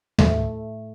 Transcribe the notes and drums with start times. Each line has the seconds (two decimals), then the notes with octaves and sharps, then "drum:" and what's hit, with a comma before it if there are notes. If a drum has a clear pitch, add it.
0.19 A3, drum: tom D2